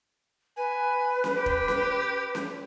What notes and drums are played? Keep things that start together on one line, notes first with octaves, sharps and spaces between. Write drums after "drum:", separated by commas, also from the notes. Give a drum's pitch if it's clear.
B4 G#5
drum: snare C#4
G4
drum: kick E1
drum: snare C#4
drum: snare C#4